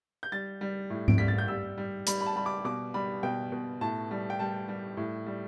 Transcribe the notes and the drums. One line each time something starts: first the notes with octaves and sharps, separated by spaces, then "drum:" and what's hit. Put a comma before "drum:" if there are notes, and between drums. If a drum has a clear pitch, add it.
G6
G3 A6
G3
A2
D7, drum: tom G#2
G3 B6
A6
G6
G3 E6
G3
G3 B5, drum: hi-hat
B5
A5
G3 B5
D6
B2 D6
G3 B5
B2 G5
B2
A2 A5
G3
G5
G3 A5
G3
A2
G3